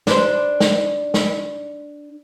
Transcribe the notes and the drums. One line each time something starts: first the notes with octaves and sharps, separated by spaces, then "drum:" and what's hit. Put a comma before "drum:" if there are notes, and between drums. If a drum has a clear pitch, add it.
D4 C5, drum: snare
drum: snare
drum: snare